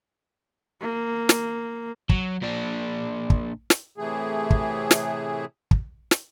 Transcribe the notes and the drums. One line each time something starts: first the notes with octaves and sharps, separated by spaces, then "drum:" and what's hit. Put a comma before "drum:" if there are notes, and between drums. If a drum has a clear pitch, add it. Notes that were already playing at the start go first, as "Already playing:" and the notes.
A#3
drum: snare
F#3, drum: kick
A#2 D4
drum: kick
drum: snare
A2 C3 E3 A3 G#4
drum: kick
drum: snare
drum: kick
drum: snare